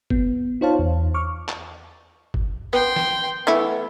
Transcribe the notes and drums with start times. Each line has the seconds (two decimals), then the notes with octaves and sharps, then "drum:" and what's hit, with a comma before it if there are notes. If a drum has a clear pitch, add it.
0.10 B3, drum: kick F#1
0.61 D#4 F4 C5 C#5 F5 A5
0.79 E2
1.14 C#6 D6 F6
1.49 drum: clap
2.34 drum: kick F#1
2.73 B3 G5 C6
2.96 drum: snare
3.47 E3 A3 B3 E4